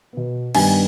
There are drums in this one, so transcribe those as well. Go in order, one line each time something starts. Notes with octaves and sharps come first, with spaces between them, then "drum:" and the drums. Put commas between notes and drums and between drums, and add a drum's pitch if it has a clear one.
B2 B3
G2 D#3 G3 B3 G#5, drum: cymbal